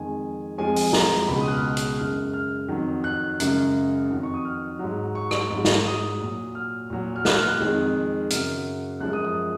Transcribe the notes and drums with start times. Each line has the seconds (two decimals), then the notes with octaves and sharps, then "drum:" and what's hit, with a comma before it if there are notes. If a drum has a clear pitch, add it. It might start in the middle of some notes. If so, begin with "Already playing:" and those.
Already playing: F2 D#3 G#3 G#5
0.58 F2 F3 G#3 G#5
0.76 G#5, drum: open hi-hat
0.93 A#5, drum: snare
1.28 C#2 B2 G#3 B5
1.41 D#6
1.48 F#6
1.52 F6
1.64 F#6
1.77 drum: hi-hat
1.98 F#2 C#3 G#3 F6
2.34 F6
2.68 F2 D#3 F#3
3.04 F#6
3.40 F#2 C#3 G#3, drum: hi-hat
4.10 F2 D#3 F#3
4.23 C#6
4.34 D#6
4.45 F6
4.79 G#2 F#3
5.15 C#6
5.31 drum: rim click
5.50 G#2 F#3
5.65 drum: snare
5.86 D#6
6.21 A#2 F#3
6.55 F6
6.90 A#2 F#3
7.16 F6
7.25 F#6, drum: snare
7.37 F6
7.49 F#6
7.60 F2 D#3 G#3
8.30 F#2 C#3 F#3 F6, drum: hi-hat
9.00 F#2 F3 G#3 F#6
9.13 D#6
9.24 D#6